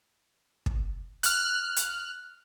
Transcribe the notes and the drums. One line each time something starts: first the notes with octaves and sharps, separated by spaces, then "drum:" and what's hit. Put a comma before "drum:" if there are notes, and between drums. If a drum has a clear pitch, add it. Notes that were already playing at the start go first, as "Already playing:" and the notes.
drum: kick
F6 F#6, drum: hi-hat
drum: hi-hat